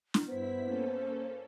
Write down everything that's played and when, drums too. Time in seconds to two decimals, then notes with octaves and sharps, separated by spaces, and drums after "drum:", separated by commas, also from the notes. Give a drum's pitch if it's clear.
0.14 drum: snare
0.28 G2 B3 E4 C5 B6
0.63 A#3 C#4 A4